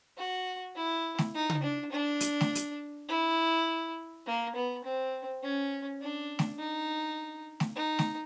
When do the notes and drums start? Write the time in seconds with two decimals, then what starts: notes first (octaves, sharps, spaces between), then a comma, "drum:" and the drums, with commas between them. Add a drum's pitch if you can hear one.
0.18 F#4
0.76 E4
1.18 drum: snare A3
1.35 D#4
1.50 drum: tom C#3
1.63 D4
1.92 D4
2.20 drum: hi-hat
2.41 drum: snare A3
2.55 drum: hi-hat
3.09 E4
4.27 A#3
4.56 B3
4.84 C4
5.43 C#4
6.01 D4
6.39 drum: snare A3
6.59 D#4
7.60 drum: snare A3
7.76 D#4
7.99 drum: snare A3